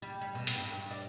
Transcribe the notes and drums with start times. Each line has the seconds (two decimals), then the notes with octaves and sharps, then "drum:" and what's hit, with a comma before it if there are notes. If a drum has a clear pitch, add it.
0.02 G3
0.21 G3
0.35 B2
0.47 drum: hi-hat
0.57 G2
0.72 G2
0.91 D5